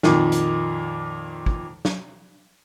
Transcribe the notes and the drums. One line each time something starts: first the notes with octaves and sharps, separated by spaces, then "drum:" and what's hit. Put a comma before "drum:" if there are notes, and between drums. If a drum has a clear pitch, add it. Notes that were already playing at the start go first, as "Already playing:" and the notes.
F2 A#2 D#3, drum: snare
drum: hi-hat
drum: kick
drum: snare